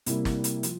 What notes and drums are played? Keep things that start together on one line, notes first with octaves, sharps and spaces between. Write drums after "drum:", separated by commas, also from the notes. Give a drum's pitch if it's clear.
C3 G3 A#3 E4, drum: hi-hat
drum: snare
drum: hi-hat
F3, drum: hi-hat